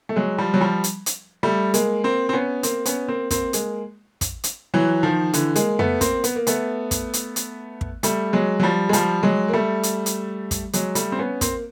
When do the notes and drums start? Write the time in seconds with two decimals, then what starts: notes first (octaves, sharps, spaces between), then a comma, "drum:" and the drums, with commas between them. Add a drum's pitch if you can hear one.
0.09 A3
0.16 F#3 G#3
0.38 F3 G3
0.54 F#3
0.61 F3 G3
0.84 drum: hi-hat
1.06 drum: hi-hat
1.43 G3 A3
1.74 G#3 A#3, drum: hi-hat
2.04 A#3 C4
2.29 C4
2.33 B3 C#4
2.63 A#3 C4, drum: hi-hat
2.85 B3 C#4, drum: hi-hat
3.08 A#3 C4
3.30 A#3 C4, drum: kick, hi-hat
3.53 G#3 A#3, drum: hi-hat
4.21 drum: kick, hi-hat
4.44 drum: hi-hat
4.74 E3 F#3
5.03 D#3 F3
5.33 D3 E3, drum: hi-hat
5.56 G#3 A#3, drum: hi-hat
5.79 A3 B3, drum: tom F2
6.01 A#3 C4, drum: kick, hi-hat
6.24 B3, drum: hi-hat
6.36 A#3
6.47 A3 B3, drum: hi-hat
6.91 drum: kick, hi-hat
7.13 drum: hi-hat
7.36 drum: hi-hat
7.81 drum: kick
8.03 G3 A3, drum: hi-hat
8.33 F#3 G#3
8.60 F#3
8.63 F3 G3
8.89 G#3
8.93 F3 G3, drum: hi-hat
9.23 F#3 G#3
9.48 A#3
9.54 G3 A3
9.83 drum: hi-hat
10.06 drum: hi-hat
10.51 drum: kick, hi-hat
10.73 F#3 G#3, drum: hi-hat
10.95 G3 A3, drum: hi-hat
11.12 C4
11.19 B3 C#4
11.41 A#3 C4, drum: kick, hi-hat